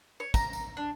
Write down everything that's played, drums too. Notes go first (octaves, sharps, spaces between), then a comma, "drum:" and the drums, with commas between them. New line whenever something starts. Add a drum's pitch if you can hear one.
C#5
A#5, drum: kick, tambourine
drum: tambourine
D4